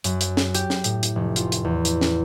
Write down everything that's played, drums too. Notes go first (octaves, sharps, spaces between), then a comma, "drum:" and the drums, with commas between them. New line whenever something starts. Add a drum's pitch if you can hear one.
F#2, drum: hi-hat
drum: hi-hat
drum: snare
G4, drum: hi-hat
drum: snare
A2, drum: hi-hat
drum: hi-hat
F1
F4, drum: hi-hat
drum: hi-hat
E2
drum: hi-hat
drum: snare